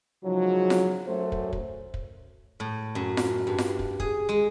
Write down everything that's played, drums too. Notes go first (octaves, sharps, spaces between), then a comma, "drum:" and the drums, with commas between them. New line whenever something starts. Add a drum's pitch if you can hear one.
G#2 C#3 F3 F#3
drum: snare F4
F#2 F#3 A3 C5
drum: kick
drum: kick
drum: kick
A2
F#2
drum: snare F4
G2
drum: snare F4
drum: kick
G#4, drum: kick
G#3